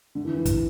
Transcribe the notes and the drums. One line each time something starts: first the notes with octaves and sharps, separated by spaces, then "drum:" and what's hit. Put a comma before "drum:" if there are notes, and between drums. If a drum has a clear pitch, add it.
D3
E3
E3
drum: kick, hi-hat